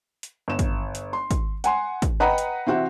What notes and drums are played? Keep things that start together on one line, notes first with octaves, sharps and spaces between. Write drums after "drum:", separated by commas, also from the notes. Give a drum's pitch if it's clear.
drum: hi-hat
G1 E7
drum: kick, hi-hat
drum: hi-hat
C6
drum: kick, hi-hat
F#5 G#5 C6, drum: hi-hat
drum: kick, hi-hat
B4 D#5 F#5 G5 A#5 B5
drum: hi-hat
C3 E3 C4 F#4